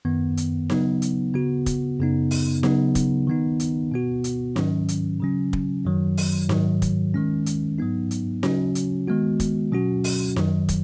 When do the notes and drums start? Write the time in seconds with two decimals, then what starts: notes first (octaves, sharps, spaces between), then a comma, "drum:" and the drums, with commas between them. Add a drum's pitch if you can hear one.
0.05 F#2 D#3 B3
0.37 drum: hi-hat
0.70 C#3 F#3 B3 D#4, drum: snare D#4
1.02 drum: hi-hat
1.34 C#3 B3 F#4
1.66 drum: kick, hi-hat
1.99 F#2 C#3 B3 D#4
2.31 drum: open hi-hat
2.63 C#3 F#3 B3 D#4, drum: snare D#4
2.95 drum: kick, hi-hat
3.27 D#3 B3 D#4
3.60 drum: hi-hat
3.92 B2 B3 F#4
4.24 drum: hi-hat
4.56 G#2 D#3 F#3 C#4, drum: snare D#4
4.89 drum: hi-hat
5.21 C#3 F#3 C#4
5.53 drum: kick
5.85 F#2 D#3 F#3
6.17 drum: open hi-hat
6.49 G#2 D#3 F#3, drum: snare D#4
6.82 drum: kick, hi-hat
7.14 D#3 G#3 C#4
7.46 drum: hi-hat
7.78 G#2 F#3 B3 D#4
8.11 drum: hi-hat
8.43 C#3 F#3 C#4 F#4, drum: snare D#4
8.75 drum: hi-hat
9.08 D#3 G#3 B3 F#4
9.40 drum: kick, hi-hat
9.72 B2 F#3 C#4 F#4
10.04 drum: open hi-hat
10.36 F#2 D#3 F#3, drum: snare D#4
10.69 drum: kick, hi-hat